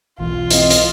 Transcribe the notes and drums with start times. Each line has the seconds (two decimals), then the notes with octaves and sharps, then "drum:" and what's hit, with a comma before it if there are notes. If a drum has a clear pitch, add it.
0.20 B1 E3 F4
0.51 C4 E4 D#5, drum: hi-hat
0.70 drum: hi-hat